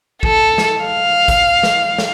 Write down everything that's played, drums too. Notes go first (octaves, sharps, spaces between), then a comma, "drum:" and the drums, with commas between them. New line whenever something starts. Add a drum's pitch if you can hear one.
A4, drum: kick A1
drum: snare
F5
drum: kick A1, hi-hat
drum: snare
drum: snare